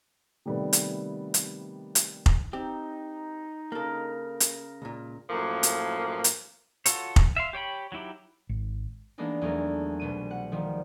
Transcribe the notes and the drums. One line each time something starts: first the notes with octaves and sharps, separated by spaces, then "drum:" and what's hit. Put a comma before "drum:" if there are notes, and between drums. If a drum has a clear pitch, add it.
C3 D#3 G3 A3 B3
drum: hi-hat
drum: hi-hat
drum: hi-hat
drum: kick F1
C4 D#4 G4
C#3 A#3 A4 A#4
drum: hi-hat
C#2 A#2
F#2 A2 F3 A#3
drum: hi-hat
drum: hi-hat
F4 F#4 A4 C#5, drum: hi-hat
drum: kick F1
E5 F5 C6
G4 C#5 G5 B5
F#3 D#4 E4 G4
G#1
E3 G#3 A#3 B3 D4 D#4
E2 F#3 G#3 A3 A#4
C2 B2 D#7
F#5
D#3 F3 G3